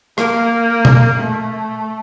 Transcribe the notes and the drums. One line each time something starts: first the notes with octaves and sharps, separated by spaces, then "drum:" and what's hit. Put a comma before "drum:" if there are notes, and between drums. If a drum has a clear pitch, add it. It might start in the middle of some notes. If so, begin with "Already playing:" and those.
A#3, drum: rim click
drum: tom A#2
A3